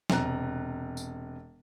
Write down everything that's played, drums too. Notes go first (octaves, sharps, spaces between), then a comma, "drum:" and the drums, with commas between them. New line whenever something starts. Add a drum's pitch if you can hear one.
E1 C3 A#5 F#6, drum: snare
drum: tambourine